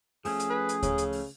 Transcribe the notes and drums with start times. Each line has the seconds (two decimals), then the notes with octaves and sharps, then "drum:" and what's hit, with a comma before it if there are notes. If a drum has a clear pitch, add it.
0.25 F3 A3 C#4 G#4, drum: open hi-hat
0.40 drum: hi-hat
0.50 B4
0.69 drum: hi-hat
0.83 C#3, drum: kick D2, hi-hat
0.98 drum: hi-hat
1.13 drum: open hi-hat